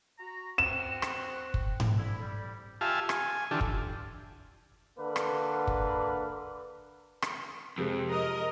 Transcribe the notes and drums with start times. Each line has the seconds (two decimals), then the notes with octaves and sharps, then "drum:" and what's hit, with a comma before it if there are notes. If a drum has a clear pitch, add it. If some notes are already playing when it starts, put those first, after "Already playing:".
0.19 F#4 A#5
0.58 C4 F#4 E7
1.02 drum: rim click
1.54 drum: kick
1.80 drum: tom G#2
1.98 D3 F3 E4
2.20 G3
2.81 F4 G4 E5 F5 G#5 A5
3.09 G#5, drum: rim click
3.51 D3 E3 D4 F4 G4 A4
3.61 drum: kick
4.98 D3 A#3 B4
5.16 drum: rim click
5.67 drum: kick
7.22 drum: rim click
7.78 F2 C3 G#3
8.09 A#4 D#5